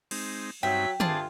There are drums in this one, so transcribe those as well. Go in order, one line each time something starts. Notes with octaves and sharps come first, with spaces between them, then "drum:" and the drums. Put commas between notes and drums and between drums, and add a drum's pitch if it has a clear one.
G#3 C4 D#4, drum: cymbal
G2 F#3 C4 D#4 E5 G5
G2 A3 C4 F4 G#4 D5 A5, drum: tom